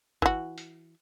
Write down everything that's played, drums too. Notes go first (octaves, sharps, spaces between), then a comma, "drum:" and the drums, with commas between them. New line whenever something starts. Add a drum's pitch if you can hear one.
E3 F#4, drum: kick G#1
drum: hi-hat